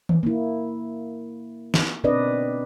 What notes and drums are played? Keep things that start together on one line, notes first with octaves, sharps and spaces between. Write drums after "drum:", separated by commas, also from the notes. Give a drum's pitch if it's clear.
drum: tom D#3
A#3 E4
drum: snare
B2 C4 D4 B4 D5 D#5